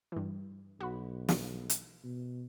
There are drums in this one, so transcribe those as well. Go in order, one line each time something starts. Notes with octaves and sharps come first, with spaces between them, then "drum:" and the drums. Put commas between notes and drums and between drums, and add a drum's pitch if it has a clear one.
G2 E3
B1 F#4 B5
drum: snare
drum: hi-hat
B2